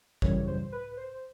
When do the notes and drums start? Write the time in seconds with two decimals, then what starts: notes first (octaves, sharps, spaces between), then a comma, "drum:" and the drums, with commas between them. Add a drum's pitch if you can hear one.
0.22 F#2 C#3 E3 G3 C#5, drum: kick G#1
0.47 C5
0.72 B4
0.97 C5